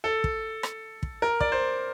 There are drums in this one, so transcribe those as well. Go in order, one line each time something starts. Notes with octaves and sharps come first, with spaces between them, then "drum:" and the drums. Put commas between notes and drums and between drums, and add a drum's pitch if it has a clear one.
A4
drum: kick
drum: rim click
drum: kick
A#4
D5, drum: kick
C5